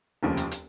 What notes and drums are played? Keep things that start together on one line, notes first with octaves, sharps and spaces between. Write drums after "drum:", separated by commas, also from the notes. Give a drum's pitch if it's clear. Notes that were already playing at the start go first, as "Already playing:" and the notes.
F1 D#2 C#3 F3
drum: hi-hat
drum: hi-hat